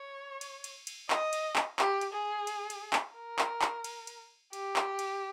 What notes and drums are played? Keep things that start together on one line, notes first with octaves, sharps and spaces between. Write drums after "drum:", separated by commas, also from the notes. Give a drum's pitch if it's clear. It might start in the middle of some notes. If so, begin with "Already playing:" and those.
Already playing: C#5
drum: cymbal
drum: cymbal
drum: cymbal
D#5, drum: clap
drum: cymbal
drum: clap
G4, drum: clap
drum: cymbal
G#4
drum: cymbal
drum: cymbal
drum: clap
A#4
drum: clap
drum: clap
drum: cymbal
drum: cymbal
G4, drum: cymbal
drum: clap
drum: cymbal